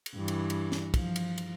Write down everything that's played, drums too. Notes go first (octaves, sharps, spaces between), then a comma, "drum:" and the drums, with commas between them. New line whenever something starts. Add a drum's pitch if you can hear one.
drum: cymbal
G2 E3
drum: cymbal
drum: cymbal
drum: snare
F3, drum: kick, cymbal
drum: cymbal
drum: cymbal